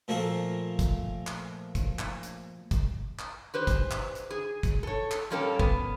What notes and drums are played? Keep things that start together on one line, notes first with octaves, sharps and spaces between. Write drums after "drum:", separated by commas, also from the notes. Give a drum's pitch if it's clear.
A#2 F3 A3 A#3 F4
drum: kick, hi-hat
drum: clap
drum: kick, hi-hat
drum: clap
drum: hi-hat
drum: kick, hi-hat
drum: clap
G4 B4 C5
drum: kick, hi-hat
drum: clap
drum: hi-hat
G#4
drum: kick, hi-hat
A4 C#5
drum: clap
A#2 G3 A#3 C#4 G4 A4
B3, drum: kick